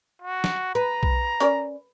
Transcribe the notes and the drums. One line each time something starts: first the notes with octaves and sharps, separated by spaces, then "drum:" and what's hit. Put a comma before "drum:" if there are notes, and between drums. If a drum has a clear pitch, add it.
F#4
drum: snare
B4 A#5
drum: kick B1
C#4 A#4 D5, drum: hi-hat